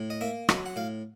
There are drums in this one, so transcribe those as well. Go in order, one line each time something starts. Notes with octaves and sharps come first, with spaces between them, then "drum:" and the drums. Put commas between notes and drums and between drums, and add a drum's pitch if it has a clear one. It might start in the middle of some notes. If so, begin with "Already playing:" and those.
Already playing: A2
D#5
A#3 E5
F#3 D#5, drum: rim click
F#5
A2 F5